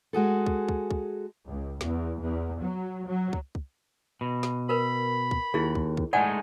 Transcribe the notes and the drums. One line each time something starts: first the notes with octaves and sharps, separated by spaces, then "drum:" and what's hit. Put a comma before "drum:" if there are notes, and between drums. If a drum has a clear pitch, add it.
G#3 F#4 G#4 A4
drum: kick
drum: kick
drum: kick
C#2
E2, drum: snare
E2
F#3
F#3
drum: kick
drum: kick
B2
drum: snare
A#4 B4 B5
drum: kick
D#2 E4 G#4
drum: kick
drum: kick
G#3 A3 D#4 D5 F#5 G#5